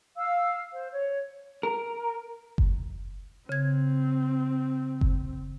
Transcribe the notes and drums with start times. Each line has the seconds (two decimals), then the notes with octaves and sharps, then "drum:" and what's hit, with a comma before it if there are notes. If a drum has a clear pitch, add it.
0.16 F5 E6
0.73 C5
0.91 C#5
1.63 A#4
2.58 drum: kick F#1
3.49 C#3 C4 G#6
5.01 drum: kick F#1